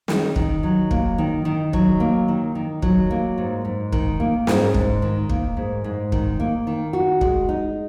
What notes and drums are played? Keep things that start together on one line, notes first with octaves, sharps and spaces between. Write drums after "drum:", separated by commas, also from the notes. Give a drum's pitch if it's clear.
D#3, drum: snare
D#3, drum: kick
F#3
A#3, drum: kick
D#3
D#3
F#3, drum: kick
A#3
D#3
D#3
F#3, drum: kick
A#3
G#2
G#2
D#3, drum: kick
A#3
G#2, drum: snare
G#2, drum: kick
D#3
A#3, drum: kick
G#2
G#2
D#3, drum: kick
A#3
D#3
F#4
G#3, drum: kick
D#4